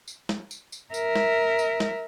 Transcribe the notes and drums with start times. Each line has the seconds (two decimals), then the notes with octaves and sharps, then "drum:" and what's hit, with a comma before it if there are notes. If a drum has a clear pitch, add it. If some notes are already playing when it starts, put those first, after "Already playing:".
0.08 drum: tambourine
0.29 drum: snare
0.51 drum: tambourine
0.72 drum: tambourine
0.94 A#4 E5, drum: tambourine
1.16 drum: snare
1.59 drum: tambourine
1.80 drum: snare